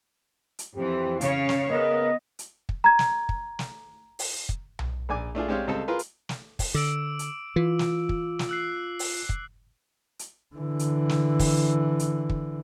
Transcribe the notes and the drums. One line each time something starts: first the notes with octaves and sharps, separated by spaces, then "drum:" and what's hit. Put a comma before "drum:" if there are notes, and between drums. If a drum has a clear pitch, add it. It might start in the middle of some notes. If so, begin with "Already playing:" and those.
drum: hi-hat
F2 E3 C4 G4 C5
C#3 C#4 C#5 F5, drum: hi-hat
drum: snare
C#3 B3 A#4 D#5
drum: hi-hat
drum: kick
A#5 G#6
drum: snare
drum: kick
drum: snare
drum: open hi-hat
drum: kick
drum: tom B1
A#1 D5 G#5 D6
A3 D4 F4 G#4
G#3 C4 D4 G4 C#5 F5
C#2 G3 C4 A4 D#5 A5
F4 G#4 A#4 B4 C6
drum: hi-hat
drum: snare
drum: kick, open hi-hat
D3 D6 E6 D7
drum: hi-hat
E3 F4
drum: snare
drum: kick
drum: snare
E6 F#6 C7
drum: open hi-hat
drum: kick
drum: hi-hat
D3 E3
drum: hi-hat
drum: snare
drum: kick, open hi-hat
drum: hi-hat
drum: kick